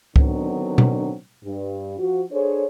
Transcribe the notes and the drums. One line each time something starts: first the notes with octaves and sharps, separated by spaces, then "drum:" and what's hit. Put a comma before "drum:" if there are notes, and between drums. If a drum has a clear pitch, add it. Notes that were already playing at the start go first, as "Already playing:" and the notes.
D3 D#3 F#3 B3 C4 D4, drum: kick C#2
drum: tom B2
G2
F3 F#4
D4 G#4 A4 C5 C#5